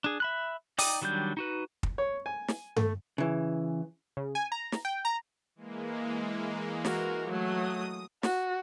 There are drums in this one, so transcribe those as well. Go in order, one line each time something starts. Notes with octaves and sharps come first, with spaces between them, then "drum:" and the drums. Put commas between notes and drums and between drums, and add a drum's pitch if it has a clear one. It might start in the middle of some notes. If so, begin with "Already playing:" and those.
D4 G#4
E5 B5 F#6
D#4 D5 G5 D6 D#6, drum: open hi-hat
D#3 F#3 G3 D4 G6
D#4 F#4 B4
drum: kick
C#5
G#5
drum: snare
A3, drum: tom G2
C#3 E3
C#3
G#5
A#5
drum: snare
G5
A#5
E3 G#3 A#3
F#4 A#4, drum: snare
F#3 A3 D#6
F#4, drum: snare